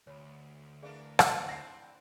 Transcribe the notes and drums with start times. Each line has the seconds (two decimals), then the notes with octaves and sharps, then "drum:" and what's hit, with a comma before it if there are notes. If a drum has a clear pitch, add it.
0.07 D2 C#5 B5
0.82 E3 D4 G#4 A#4 D5 F5
1.19 drum: rim click
1.47 C4 D4 E4 F#5 A#6 C7